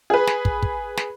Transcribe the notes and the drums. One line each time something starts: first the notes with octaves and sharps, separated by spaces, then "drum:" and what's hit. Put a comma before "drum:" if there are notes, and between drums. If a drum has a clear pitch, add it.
G#4 B4
drum: snare
drum: kick
drum: kick
drum: snare